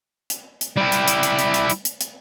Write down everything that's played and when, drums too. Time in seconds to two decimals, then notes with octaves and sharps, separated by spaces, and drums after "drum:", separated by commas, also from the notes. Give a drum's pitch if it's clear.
0.30 drum: hi-hat
0.61 drum: hi-hat
0.77 G3 E4
0.92 drum: hi-hat
1.08 drum: hi-hat
1.23 drum: hi-hat
1.39 drum: hi-hat
1.54 drum: hi-hat
1.70 drum: hi-hat
1.85 drum: hi-hat
2.01 drum: hi-hat